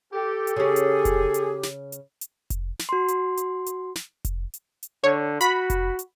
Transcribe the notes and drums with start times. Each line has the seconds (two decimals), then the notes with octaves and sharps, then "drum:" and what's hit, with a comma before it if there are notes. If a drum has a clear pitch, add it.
0.13 G4 A4
0.47 drum: hi-hat
0.56 C#3 C#4 G4 G#4
0.76 drum: hi-hat
1.05 drum: kick F1, hi-hat
1.34 drum: hi-hat
1.63 drum: snare
1.92 drum: hi-hat
2.21 drum: hi-hat
2.50 drum: kick F1, hi-hat
2.79 drum: snare
2.89 F#4 C6
3.08 drum: hi-hat
3.37 drum: hi-hat
3.66 drum: hi-hat
3.95 drum: snare
4.25 drum: kick F1, hi-hat
4.54 drum: hi-hat
4.83 drum: hi-hat
5.04 D3 C#5
5.41 F#4 B5, drum: hi-hat
5.70 drum: kick F1, hi-hat
5.99 drum: hi-hat